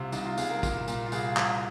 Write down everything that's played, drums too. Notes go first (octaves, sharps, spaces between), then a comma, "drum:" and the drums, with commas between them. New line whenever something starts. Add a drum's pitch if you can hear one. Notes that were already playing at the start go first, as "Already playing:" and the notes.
Already playing: C2 C3 F4
C2 D#4, drum: tambourine
F4
C2 G#4, drum: tambourine
A#4
A#2 A#4, drum: kick, tambourine
A#2, drum: tambourine
F4
C2 G#4, drum: tambourine
C2, drum: clap